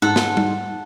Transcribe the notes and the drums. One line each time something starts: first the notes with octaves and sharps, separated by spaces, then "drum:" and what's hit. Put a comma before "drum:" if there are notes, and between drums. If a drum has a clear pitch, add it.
G#2 A4 F#5
drum: snare
drum: tom G3